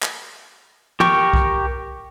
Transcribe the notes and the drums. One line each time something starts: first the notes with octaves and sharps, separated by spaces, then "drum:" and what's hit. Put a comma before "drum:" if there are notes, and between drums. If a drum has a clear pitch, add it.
drum: clap
G4 A#4 G5 C#6, drum: tom
drum: kick B1